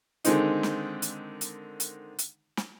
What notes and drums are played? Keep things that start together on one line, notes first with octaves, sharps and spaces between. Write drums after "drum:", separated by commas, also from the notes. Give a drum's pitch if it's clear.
D3 D#3 G#3 C4 D#4, drum: hi-hat
drum: snare
drum: hi-hat
drum: hi-hat
drum: hi-hat
drum: hi-hat
drum: snare